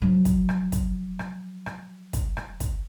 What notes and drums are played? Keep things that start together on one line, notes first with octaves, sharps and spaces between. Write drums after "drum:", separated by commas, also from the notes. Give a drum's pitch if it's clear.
F3 F#3
drum: kick, hi-hat
drum: rim click
drum: kick, hi-hat
drum: rim click
drum: rim click
drum: kick, hi-hat
drum: rim click
drum: kick, hi-hat